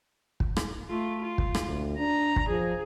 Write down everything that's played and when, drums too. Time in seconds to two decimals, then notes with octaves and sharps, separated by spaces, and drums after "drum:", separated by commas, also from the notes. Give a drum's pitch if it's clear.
0.40 drum: kick
0.57 drum: rim click
0.89 A3 F4
1.21 F4
1.38 drum: kick
1.55 drum: rim click
1.65 D2
1.98 D4 A#5
2.36 drum: kick
2.49 F3 G#4